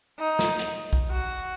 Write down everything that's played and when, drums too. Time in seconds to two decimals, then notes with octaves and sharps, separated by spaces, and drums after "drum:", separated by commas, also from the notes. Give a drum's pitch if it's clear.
0.19 D#4
0.39 drum: snare
0.59 drum: hi-hat
0.93 drum: kick B1
1.12 F#4